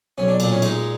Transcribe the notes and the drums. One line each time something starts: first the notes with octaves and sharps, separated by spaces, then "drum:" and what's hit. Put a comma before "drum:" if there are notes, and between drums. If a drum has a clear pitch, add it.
B1 C#4
D4
A#2 D4, drum: cymbal
C#4
G#3 D#4, drum: cymbal